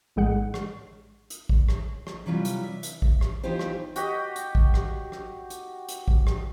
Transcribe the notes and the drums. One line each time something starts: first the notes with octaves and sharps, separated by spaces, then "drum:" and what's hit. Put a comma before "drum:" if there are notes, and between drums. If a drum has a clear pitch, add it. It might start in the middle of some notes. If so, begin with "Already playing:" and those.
A1 G#2 G#3 G#4 F#5 F#6
drum: rim click
drum: hi-hat
drum: kick A1
drum: rim click
drum: rim click
C3 E3 F#3 G3 F4
drum: hi-hat
E5
drum: hi-hat
drum: kick A1
drum: rim click
E3 B3 D#4 F4 G4 C5
drum: rim click
F#4 G4 D#5, drum: hi-hat
drum: hi-hat
drum: kick A1
drum: rim click
drum: rim click
drum: hi-hat
drum: hi-hat
drum: kick A1
drum: rim click